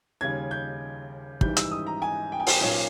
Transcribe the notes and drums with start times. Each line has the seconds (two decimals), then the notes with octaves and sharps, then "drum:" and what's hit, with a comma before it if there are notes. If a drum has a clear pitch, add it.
0.21 D#2 C#3 G3 C#4 G#6
0.51 G6
1.41 G#1 G#2 E3 G3 G6, drum: kick
1.57 E6, drum: hi-hat
1.71 D#6
1.87 A#5
2.02 G#5
2.32 G5
2.40 G#5
2.47 G5, drum: open hi-hat
2.61 B1 A#2 A#3 C#4 C#5